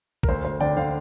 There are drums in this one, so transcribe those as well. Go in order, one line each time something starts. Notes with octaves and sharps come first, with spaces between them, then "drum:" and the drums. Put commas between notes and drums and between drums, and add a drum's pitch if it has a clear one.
A#4, drum: kick A#1
D2 C5
D2 C5
D3 D5 G5
D3 C5 F5